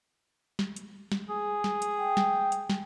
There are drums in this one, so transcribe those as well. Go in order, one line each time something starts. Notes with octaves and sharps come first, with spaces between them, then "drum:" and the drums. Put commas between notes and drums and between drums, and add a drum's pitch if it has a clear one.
drum: snare
drum: hi-hat
drum: snare
G#4
drum: snare
drum: hi-hat
G5
drum: snare
drum: hi-hat
drum: snare